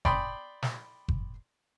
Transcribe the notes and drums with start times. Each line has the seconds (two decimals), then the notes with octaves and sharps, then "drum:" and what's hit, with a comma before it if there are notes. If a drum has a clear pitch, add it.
0.05 D5 G5 B5 C6 D#6, drum: kick F#1
0.62 drum: snare
1.08 drum: kick F#1